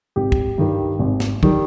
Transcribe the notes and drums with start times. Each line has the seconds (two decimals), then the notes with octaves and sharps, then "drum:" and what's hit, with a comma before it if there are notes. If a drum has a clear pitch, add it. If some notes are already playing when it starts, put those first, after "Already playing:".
0.16 G#1 G4
0.32 drum: kick
0.58 G2 D#3 G3
0.99 G#1
1.20 drum: snare
1.43 D#3 G3, drum: kick